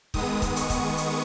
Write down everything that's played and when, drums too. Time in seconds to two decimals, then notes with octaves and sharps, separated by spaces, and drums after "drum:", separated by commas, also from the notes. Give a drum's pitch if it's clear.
0.14 D#3 G#3 B3 D#6, drum: kick
0.42 drum: kick, hi-hat
0.56 C#6, drum: hi-hat
0.70 drum: kick, hi-hat
0.97 drum: hi-hat